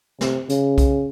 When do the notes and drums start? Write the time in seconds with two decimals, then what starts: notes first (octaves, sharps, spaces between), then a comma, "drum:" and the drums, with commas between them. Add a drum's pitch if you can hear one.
0.21 C3, drum: snare
0.49 C#3, drum: hi-hat
0.78 drum: kick, hi-hat